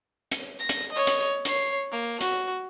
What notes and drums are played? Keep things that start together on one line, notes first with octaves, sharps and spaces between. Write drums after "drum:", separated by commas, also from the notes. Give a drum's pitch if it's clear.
drum: hi-hat
A#6
drum: hi-hat
C#5 D#5
drum: hi-hat
C#5 C7, drum: hi-hat
A#3
F#4, drum: hi-hat